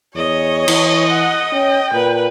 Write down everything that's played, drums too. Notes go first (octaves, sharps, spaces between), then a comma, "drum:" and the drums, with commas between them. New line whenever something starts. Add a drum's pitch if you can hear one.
E2 C#5 D#5
E3, drum: cymbal
F#5
C#4 G5
A#2 B4